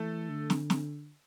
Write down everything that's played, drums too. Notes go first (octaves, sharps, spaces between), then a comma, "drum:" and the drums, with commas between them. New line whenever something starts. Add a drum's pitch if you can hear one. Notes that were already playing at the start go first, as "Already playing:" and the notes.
Already playing: E3 A3 A4
D3
drum: snare
drum: snare